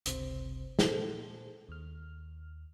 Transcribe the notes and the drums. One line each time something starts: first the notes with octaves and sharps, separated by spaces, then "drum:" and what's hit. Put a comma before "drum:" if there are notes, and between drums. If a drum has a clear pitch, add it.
G1 C#2 C3 C5, drum: hi-hat
A#2 G#4 A4 C5, drum: snare
D#2 F6